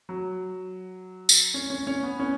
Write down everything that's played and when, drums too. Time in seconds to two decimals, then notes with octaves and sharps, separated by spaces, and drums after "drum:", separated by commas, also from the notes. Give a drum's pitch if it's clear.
0.09 F#3
1.29 drum: tambourine
1.54 C#4
1.70 C#4
1.87 C#4
2.03 B3
2.20 C#4